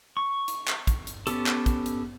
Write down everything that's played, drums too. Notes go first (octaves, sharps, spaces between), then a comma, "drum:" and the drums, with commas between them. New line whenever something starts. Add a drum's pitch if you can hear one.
C#6
drum: hi-hat
drum: clap
drum: kick, hi-hat
drum: hi-hat
B3 C#4 G4 A4, drum: hi-hat
drum: clap
drum: kick, hi-hat
drum: hi-hat